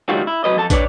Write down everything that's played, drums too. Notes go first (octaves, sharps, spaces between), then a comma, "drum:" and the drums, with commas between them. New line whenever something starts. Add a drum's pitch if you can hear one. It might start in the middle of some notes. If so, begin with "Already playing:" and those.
C#2 D#3 F#3 G3 F4 F#4
E4
C2 A#2 F#3 B4 D#5
F3 A4 A5
D4 B4 C#5 D5, drum: kick, hi-hat